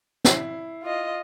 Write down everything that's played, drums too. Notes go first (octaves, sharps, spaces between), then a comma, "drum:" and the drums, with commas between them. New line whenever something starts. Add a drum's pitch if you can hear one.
E4 C7, drum: snare
F4 D#5